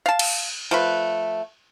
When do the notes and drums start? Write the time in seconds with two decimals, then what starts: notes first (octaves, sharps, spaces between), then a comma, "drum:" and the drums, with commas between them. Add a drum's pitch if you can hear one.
0.06 F5 A5
0.19 drum: cymbal
0.71 F3 A3 B4